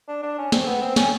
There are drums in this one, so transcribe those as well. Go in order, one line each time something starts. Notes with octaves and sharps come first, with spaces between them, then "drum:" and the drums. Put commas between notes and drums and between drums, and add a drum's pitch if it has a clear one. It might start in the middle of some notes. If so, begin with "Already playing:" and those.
D4
D4
C#4
C4, drum: snare
B3
C4
C#4, drum: snare